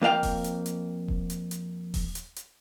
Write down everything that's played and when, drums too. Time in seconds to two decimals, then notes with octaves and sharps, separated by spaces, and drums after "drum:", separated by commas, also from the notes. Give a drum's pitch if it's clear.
0.02 F2 A#3 C4 F5 G5
0.23 drum: kick D#1, open hi-hat
0.44 drum: hi-hat
0.66 drum: hi-hat
1.08 drum: kick D#1
1.30 drum: hi-hat
1.51 drum: hi-hat
1.94 drum: kick D#1, open hi-hat
2.15 drum: hi-hat
2.36 drum: hi-hat